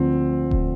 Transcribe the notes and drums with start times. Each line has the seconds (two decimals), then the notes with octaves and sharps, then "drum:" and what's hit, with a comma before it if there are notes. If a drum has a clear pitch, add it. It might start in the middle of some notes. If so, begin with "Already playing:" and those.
Already playing: D2 D3 F3 C4
0.51 drum: kick D#1